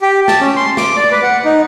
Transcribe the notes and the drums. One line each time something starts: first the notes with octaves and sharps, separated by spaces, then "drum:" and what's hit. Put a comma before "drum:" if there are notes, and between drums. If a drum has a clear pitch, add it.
G4
A5, drum: snare
C#4
C6
D6, drum: snare
D5
B4
F#5
D#4